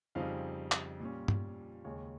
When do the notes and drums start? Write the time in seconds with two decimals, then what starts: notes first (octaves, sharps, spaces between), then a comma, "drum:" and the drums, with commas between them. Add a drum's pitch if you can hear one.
0.15 F2 C#3 G3 C4 D#4 F5
0.72 drum: clap
1.00 A#2 G3 C#4
1.28 drum: tom
1.85 D#2 C#3 G#3 C#4 C#5